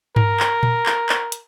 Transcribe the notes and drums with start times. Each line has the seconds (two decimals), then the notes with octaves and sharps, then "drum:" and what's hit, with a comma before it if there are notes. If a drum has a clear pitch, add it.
0.16 A#4, drum: tom G#2
0.40 drum: clap
0.63 drum: tom A#2
0.86 drum: clap
1.09 drum: clap
1.32 drum: hi-hat